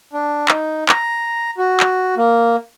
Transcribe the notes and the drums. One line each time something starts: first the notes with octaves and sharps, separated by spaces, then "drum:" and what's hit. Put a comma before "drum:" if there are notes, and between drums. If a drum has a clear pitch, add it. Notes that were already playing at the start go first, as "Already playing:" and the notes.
D4
D#4, drum: clap
A#5, drum: clap
F#4
drum: clap
A#3